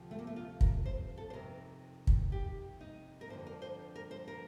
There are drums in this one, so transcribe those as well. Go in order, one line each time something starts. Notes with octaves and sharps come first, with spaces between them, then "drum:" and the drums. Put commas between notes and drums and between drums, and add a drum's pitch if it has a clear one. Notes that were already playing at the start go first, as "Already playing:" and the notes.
Already playing: D2 C3 F3
A3
A#3
A3
F4
A#4, drum: kick
C5
A4
C5
F2 C3 D#3 A#4
drum: kick
G4
D#4
A#4
F2 D3 F3 C5
A#4
C5
A#4
C5
A#4